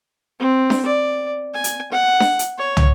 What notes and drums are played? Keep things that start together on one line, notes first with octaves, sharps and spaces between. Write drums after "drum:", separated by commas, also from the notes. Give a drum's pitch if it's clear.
C4
drum: snare D4
D5
G#5
drum: hi-hat
F#5
drum: snare D4
drum: hi-hat
C#5
drum: tom